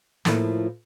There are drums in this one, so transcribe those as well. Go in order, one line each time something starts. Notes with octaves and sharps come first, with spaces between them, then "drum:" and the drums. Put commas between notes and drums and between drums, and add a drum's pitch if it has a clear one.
A2 F3 A#3 E4, drum: snare